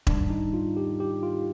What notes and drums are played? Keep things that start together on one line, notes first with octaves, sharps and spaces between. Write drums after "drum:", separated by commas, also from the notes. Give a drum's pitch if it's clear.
G#2 D#3 G3 D4, drum: kick E1
D#4
F4
G4
G4
F4